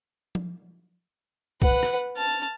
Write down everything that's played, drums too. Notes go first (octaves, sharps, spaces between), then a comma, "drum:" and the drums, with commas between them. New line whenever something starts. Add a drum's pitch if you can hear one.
drum: tom F3
B4 F#5, drum: kick
drum: rim click
A5 F6